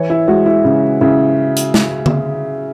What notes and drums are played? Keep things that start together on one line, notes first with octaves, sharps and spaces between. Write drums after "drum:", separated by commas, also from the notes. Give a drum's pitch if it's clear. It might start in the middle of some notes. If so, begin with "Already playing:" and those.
Already playing: E3 C#5
E4
G#3 F#4
E4
C#3
C#3 E4
drum: hi-hat
drum: snare
drum: tom D3